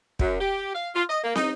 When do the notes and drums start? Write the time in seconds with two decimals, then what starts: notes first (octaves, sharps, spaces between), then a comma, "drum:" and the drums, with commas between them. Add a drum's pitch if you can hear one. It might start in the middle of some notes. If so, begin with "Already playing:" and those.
0.19 F#2, drum: kick
0.41 G4
0.75 F5
0.94 F4
1.09 D#5
1.24 A#3
1.35 D#4, drum: snare